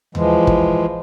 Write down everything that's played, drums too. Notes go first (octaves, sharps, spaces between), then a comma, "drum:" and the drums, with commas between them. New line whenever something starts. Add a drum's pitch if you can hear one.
E3 F3 G#3, drum: tom D#2
drum: kick